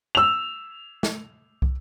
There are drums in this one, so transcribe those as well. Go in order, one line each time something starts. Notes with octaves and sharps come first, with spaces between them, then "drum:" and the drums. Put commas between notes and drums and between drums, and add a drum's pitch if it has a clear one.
E6 F7
drum: snare
drum: kick